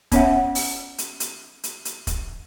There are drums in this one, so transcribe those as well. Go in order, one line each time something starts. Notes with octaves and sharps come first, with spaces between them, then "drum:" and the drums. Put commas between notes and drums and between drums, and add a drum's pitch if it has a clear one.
B3 C#4 C#5 E5 F#5, drum: kick, hi-hat
drum: open hi-hat
drum: hi-hat
drum: hi-hat
drum: hi-hat
drum: hi-hat
drum: kick, hi-hat